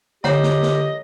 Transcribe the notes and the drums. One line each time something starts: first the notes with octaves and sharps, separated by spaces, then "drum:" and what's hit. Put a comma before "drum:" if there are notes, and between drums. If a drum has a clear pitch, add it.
D3 G4 C#5 D#5 F#5 A#5, drum: snare
drum: snare
drum: snare